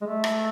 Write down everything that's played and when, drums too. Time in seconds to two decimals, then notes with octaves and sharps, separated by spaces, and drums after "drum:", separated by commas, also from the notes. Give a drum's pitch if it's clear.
0.01 G#3
0.06 A3
0.24 drum: rim click